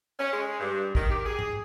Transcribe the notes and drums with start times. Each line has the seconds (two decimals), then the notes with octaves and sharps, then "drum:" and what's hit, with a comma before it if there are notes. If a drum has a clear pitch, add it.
0.17 C#4
0.32 G#3
0.59 G2
0.95 D#3, drum: kick
1.09 G4
1.25 G#4
1.39 drum: tom G#2